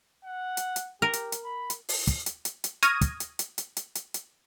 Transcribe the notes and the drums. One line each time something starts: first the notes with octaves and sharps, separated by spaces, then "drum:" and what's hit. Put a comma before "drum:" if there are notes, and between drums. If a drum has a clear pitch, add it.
F#5
drum: hi-hat
drum: hi-hat
G4 A#4
drum: hi-hat
drum: hi-hat
B5
drum: hi-hat
drum: open hi-hat
drum: kick, hi-hat
drum: hi-hat
drum: hi-hat
drum: hi-hat
C#6 D#6 F6 G#6 A#6 D#7, drum: hi-hat
drum: kick, hi-hat
drum: hi-hat
drum: hi-hat
drum: hi-hat
drum: hi-hat
drum: hi-hat
drum: hi-hat